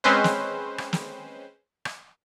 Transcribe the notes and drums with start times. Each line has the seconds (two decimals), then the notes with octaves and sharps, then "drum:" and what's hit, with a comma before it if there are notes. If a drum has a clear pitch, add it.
0.04 G#3 C4 C#4 B4 C5
0.24 drum: snare
0.78 drum: rim click
0.93 drum: snare
1.85 drum: rim click